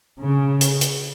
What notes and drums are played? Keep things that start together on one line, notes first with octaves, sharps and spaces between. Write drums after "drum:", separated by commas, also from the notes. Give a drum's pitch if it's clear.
C#3
drum: hi-hat
drum: hi-hat